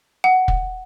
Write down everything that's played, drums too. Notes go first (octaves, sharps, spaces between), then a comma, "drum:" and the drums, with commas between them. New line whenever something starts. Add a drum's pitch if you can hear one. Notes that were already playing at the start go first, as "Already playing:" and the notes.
F#5
drum: kick